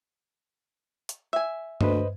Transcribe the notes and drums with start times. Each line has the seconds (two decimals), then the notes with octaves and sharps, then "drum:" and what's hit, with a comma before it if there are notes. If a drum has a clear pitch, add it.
1.09 drum: hi-hat
1.33 E5 G#5
1.81 D2 B4 C5 D#5, drum: tom G2